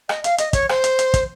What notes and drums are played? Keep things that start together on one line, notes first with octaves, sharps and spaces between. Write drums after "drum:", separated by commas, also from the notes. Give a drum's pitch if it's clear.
D#5, drum: rim click
F5, drum: hi-hat
D#5, drum: hi-hat
C#5, drum: kick, hi-hat
C5, drum: rim click
drum: hi-hat
drum: hi-hat
drum: kick, hi-hat